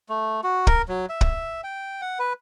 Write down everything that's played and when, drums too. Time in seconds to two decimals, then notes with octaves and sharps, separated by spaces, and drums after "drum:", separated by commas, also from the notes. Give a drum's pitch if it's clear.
0.09 A3
0.44 F#4
0.67 A#4, drum: kick
0.88 F#3
1.09 E5
1.21 drum: kick
1.64 G5
2.01 F#5
2.19 B4